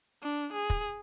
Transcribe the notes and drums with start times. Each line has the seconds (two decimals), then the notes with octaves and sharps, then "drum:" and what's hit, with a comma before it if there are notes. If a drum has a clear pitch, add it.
0.23 D4
0.53 G#4
0.70 drum: kick